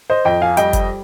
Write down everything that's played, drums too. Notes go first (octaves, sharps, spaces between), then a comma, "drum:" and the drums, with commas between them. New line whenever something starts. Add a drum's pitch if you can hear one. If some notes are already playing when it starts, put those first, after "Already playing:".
C5 D#5
F2 D#5 G5
F5 G#5
G3 D#5 G5, drum: hi-hat
drum: kick, hi-hat